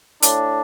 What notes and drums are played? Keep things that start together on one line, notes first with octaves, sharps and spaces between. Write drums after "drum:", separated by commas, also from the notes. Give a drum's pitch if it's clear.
A2 D4, drum: hi-hat